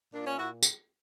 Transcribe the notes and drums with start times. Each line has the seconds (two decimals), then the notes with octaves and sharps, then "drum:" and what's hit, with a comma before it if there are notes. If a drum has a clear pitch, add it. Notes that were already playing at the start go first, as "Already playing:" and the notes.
0.13 A#2 D4
0.25 C#4
0.38 A#2 E4 F#4
0.63 drum: tambourine